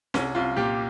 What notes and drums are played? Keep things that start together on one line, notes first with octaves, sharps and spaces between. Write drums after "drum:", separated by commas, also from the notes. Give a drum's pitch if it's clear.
C2 C#4, drum: snare C#4
C2 F4
A#2 G4